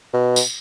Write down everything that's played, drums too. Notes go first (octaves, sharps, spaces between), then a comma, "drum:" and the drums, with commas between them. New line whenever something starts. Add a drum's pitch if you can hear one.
B2
drum: tambourine